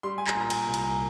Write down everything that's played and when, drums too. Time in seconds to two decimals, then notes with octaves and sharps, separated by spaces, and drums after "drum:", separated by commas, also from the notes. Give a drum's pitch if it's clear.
0.03 G3 C6
0.18 G#5
0.27 A#5, drum: clap
0.35 A#2
0.40 A#5
0.50 G#5, drum: cymbal
0.66 C2
0.74 A#5, drum: cymbal